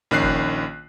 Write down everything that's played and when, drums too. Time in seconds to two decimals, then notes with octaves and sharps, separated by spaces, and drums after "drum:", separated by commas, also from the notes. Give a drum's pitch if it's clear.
0.11 A#1 D#3 C#4 F#6 C7
0.23 drum: kick